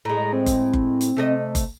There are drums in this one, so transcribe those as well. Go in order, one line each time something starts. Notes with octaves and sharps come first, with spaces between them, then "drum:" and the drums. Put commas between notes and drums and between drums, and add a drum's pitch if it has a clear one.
A2 G#3 A#5
C4
drum: kick F#1, hi-hat
drum: kick F#1
drum: hi-hat
C3 A3 D#5
drum: kick F#1, hi-hat